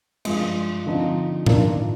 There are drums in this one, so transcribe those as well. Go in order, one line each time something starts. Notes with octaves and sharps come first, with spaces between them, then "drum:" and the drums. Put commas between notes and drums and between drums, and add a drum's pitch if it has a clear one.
G2 F3 G#3, drum: cymbal
D3 F3 C4 D#4
G2 D#3 A#3 D4 F4, drum: tom A2